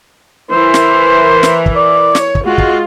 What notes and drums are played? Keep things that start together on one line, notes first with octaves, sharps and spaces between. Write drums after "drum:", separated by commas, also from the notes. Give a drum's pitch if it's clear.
E3 A#4 C5
drum: snare
drum: snare
drum: kick
D5
C#5, drum: snare
drum: kick
G#3 F4 F#4
drum: kick